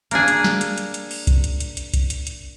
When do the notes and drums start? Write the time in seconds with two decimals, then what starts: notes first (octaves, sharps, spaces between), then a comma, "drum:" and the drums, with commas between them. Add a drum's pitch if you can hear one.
0.11 A#3 D4 G#4, drum: hi-hat
0.28 drum: hi-hat
0.44 drum: snare
0.61 drum: hi-hat
0.78 drum: hi-hat
0.94 drum: hi-hat
1.11 drum: open hi-hat
1.27 drum: kick, hi-hat
1.44 drum: hi-hat
1.60 drum: hi-hat
1.77 drum: hi-hat
1.94 drum: kick, hi-hat
2.10 drum: hi-hat
2.27 drum: hi-hat